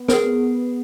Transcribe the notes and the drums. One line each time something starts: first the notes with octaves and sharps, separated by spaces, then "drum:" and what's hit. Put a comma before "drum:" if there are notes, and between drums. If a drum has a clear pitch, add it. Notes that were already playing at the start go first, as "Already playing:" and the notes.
Already playing: B3
A#4, drum: snare
G#4